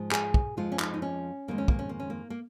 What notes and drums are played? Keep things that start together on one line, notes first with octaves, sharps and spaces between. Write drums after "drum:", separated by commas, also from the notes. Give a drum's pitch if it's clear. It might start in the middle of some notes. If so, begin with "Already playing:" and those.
Already playing: G#2 F3 G#3
G#4, drum: clap
drum: kick
F2 F3 G#3 F4
C#4
D#4, drum: clap
D#4
C#4
F2 D#3 G#3 A#3
C#4
A#3, drum: kick
C#4
A#3
C#4
A#3
A#3